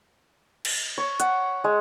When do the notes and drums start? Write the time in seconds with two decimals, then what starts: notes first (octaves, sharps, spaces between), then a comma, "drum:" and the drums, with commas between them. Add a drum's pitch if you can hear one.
0.65 drum: cymbal
0.98 C#5
1.20 F#5, drum: hi-hat
1.64 G#3